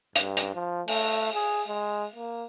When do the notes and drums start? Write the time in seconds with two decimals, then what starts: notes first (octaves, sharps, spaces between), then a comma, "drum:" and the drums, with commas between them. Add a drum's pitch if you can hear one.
0.16 G2, drum: hi-hat
0.37 drum: hi-hat
0.55 F3
0.88 A3, drum: open hi-hat
1.34 G#4
1.68 G#3
2.16 A#3